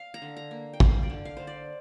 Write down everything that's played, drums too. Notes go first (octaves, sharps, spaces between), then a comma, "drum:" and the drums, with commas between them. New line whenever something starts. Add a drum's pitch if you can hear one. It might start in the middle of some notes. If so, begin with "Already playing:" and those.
Already playing: F5
A#5
D3
A#5
A#3
G5
D3 F5, drum: kick
D5
D3
F5
D3 C5
D5